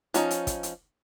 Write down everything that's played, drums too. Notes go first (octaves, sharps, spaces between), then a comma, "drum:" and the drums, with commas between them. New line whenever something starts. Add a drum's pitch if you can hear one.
F3 C#4 D#4, drum: hi-hat
drum: hi-hat
drum: kick, hi-hat
drum: hi-hat